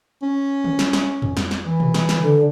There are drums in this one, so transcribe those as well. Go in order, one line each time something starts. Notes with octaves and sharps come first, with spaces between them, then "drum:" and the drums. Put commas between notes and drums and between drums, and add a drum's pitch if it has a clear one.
C#4
drum: tom D3
drum: snare
drum: snare
drum: tom F2
drum: snare
drum: snare
E3
drum: tom B2
drum: snare
drum: snare
D3